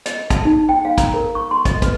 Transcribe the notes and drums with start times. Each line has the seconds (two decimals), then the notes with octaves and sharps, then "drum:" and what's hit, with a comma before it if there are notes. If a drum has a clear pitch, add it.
0.06 D#5, drum: hi-hat
0.30 A5, drum: kick, hi-hat
0.45 D#4
0.69 G5
0.85 F5
0.98 A#5, drum: kick, hi-hat
1.14 A#4
1.35 C#6
1.51 C6
1.65 D#5, drum: kick, hi-hat
1.82 B4, drum: kick, hi-hat